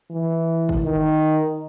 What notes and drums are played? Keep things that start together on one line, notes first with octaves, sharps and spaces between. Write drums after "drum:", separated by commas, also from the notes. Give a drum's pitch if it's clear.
E3
drum: kick
D#3